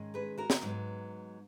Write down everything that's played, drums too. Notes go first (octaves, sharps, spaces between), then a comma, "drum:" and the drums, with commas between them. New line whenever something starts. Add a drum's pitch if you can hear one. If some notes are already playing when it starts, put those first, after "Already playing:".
Already playing: G#2 D#3 G#3 C#4
G#4 B4
F#4 A#4
drum: snare
G#2 F#3 B3